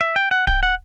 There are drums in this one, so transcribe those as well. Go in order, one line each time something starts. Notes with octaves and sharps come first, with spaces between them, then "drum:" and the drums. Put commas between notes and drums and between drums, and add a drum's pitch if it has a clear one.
E5
G5
F#5
G5, drum: kick D1
F#5